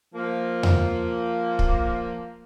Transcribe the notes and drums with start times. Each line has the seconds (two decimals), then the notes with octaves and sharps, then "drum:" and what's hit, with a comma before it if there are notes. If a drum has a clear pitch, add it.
0.15 F3 A#3
0.63 drum: tom E2
1.59 drum: kick